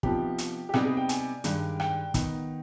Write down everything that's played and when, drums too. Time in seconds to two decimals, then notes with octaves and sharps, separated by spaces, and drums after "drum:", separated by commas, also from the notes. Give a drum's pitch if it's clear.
0.03 C3 F3 B3 D#4 G4, drum: kick
0.38 drum: hi-hat
0.69 G4
0.74 C3 G3 B3 D#4 G#4, drum: rim click
0.85 G#4
0.97 G5
1.09 G#5, drum: hi-hat
1.44 G2 D#3 G#3 D4, drum: hi-hat
1.80 G5, drum: rim click
2.14 D#3 B3 D#4, drum: kick, hi-hat